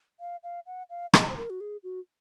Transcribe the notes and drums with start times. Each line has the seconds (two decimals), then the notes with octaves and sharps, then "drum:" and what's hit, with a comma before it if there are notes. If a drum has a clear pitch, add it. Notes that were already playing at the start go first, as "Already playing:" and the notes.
0.20 F5
0.43 F5
0.66 F#5
0.90 F5
1.14 D#5, drum: rim click
1.29 C5
1.37 A#4
1.50 F#4
1.61 G#4
1.83 F#4